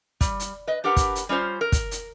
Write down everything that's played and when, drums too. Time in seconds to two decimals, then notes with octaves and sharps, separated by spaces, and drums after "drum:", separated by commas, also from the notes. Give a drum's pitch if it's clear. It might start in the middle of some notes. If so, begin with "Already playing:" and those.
0.21 G3, drum: kick, hi-hat
0.40 drum: hi-hat
0.67 B4 D#5
0.84 D4 G4 A#4 B4 F#5
0.96 drum: kick, hi-hat
1.15 drum: hi-hat
1.29 G3 C#4 F4 C5
1.61 A#4
1.72 drum: kick, hi-hat
1.91 drum: hi-hat